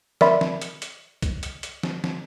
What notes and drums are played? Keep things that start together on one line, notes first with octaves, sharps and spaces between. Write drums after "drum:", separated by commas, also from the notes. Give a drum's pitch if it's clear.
A#4 D5 E5 B5 C6, drum: snare
drum: snare
drum: hi-hat
drum: hi-hat
drum: kick C2, hi-hat
drum: hi-hat
drum: hi-hat
drum: snare
drum: snare